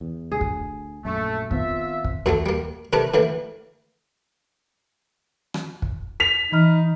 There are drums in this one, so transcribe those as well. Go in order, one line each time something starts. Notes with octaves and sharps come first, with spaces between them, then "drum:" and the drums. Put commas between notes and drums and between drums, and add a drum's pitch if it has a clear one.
E2
D2 G#4
drum: kick
A#1 F#2 A3
D#3 B3 C4 F4 E5, drum: kick
drum: kick
F#2 F#3 A3, drum: tom D#2
G3 A#3
C3 A3 D4 A#4 B4
A2 D3 E3 A#3
drum: rim click
drum: kick
B6 F7
E3 D#4 B5 F6